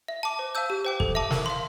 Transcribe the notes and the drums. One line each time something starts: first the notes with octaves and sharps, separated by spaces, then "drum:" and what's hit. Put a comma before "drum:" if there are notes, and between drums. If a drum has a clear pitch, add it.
E5
A5 D6
C5
F5 A5 E6 G6
G4
C5 G5 D6
A4, drum: kick
E5 A5 D6
A#4, drum: snare
F5 C6